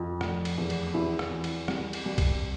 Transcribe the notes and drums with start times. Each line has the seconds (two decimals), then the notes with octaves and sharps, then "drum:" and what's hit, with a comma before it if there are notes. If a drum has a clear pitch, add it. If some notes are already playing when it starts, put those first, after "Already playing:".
Already playing: F2
0.21 F1, drum: rim click
0.45 drum: cymbal
0.58 E2
0.70 drum: cymbal
0.94 E2 E4
1.19 drum: rim click
1.31 E3
1.44 drum: cymbal
1.68 C2, drum: rim click
1.93 drum: cymbal
2.05 C2
2.18 drum: kick B1, cymbal